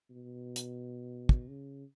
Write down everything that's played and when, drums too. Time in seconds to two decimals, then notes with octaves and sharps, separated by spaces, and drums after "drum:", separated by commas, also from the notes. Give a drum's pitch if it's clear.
0.11 B2
0.56 drum: hi-hat
1.29 drum: kick
1.48 C#3